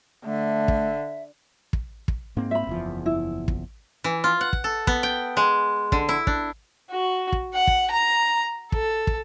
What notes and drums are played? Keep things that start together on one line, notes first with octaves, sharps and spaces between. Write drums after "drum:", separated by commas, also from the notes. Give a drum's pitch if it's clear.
D3 A3 E5
drum: kick
drum: kick
drum: kick
G#2 A#3 C4
E5 B5
F#1 E2 F3
E4
drum: kick
E3
F4
F#5
drum: kick
A4
B3, drum: kick
G5
G#3
D3, drum: kick
E4
D4, drum: kick
F#4
drum: kick
F#5
drum: kick
A#5
A4, drum: kick
drum: kick